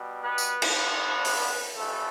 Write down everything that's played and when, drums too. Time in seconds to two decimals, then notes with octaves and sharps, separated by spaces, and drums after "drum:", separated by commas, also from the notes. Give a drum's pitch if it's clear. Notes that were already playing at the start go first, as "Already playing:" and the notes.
Already playing: B2 G3
0.22 B3 B4
0.38 drum: tambourine
0.62 drum: cymbal
0.73 G2 D3 F3 B3 B4
1.25 drum: open hi-hat
1.75 F2 E3 G3 A3 A4